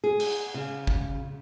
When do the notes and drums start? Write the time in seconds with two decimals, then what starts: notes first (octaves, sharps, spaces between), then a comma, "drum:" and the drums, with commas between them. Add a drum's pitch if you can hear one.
0.04 G#4
0.20 drum: cymbal
0.54 C#3
0.87 drum: kick